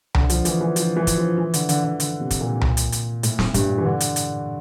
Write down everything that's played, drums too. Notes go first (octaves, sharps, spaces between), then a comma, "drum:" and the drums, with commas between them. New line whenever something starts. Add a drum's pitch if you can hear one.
D3, drum: tom C2
F3, drum: hi-hat
E3, drum: hi-hat
E3
F3, drum: hi-hat
E3
drum: kick, hi-hat
F3
E3
D3, drum: hi-hat
D3, drum: hi-hat
D3
D3, drum: hi-hat
C3
drum: kick, hi-hat
A#2
drum: tom C2
drum: hi-hat
drum: hi-hat
A2, drum: hi-hat
drum: snare
G2, drum: kick, hi-hat
E3
D3
drum: hi-hat
drum: hi-hat